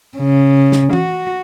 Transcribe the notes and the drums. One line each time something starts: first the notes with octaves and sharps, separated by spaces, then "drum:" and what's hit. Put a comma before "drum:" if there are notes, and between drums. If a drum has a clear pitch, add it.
C#3
drum: snare
F#4, drum: tom E3